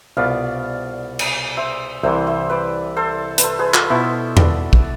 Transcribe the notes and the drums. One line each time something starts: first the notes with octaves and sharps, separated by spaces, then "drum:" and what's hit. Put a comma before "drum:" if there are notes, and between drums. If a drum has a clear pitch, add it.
C2 B2 B3 F4 D5 F5
drum: cymbal
C5 E5
C2 C3 E3 C5 E5
C5 E5
B4 D5
A4 C5
B4, drum: hi-hat
A4 C5
G#4 B4
F4 A4, drum: clap
B2 B3 E4 C5 E5
B4 D5, drum: tom E2
drum: kick